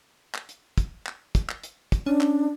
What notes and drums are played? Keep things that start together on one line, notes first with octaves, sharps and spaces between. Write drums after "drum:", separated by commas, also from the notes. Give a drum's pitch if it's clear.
drum: clap
drum: hi-hat
drum: kick, hi-hat
drum: clap
drum: kick, hi-hat
drum: clap
drum: hi-hat
drum: kick, hi-hat
C#4 D4
drum: clap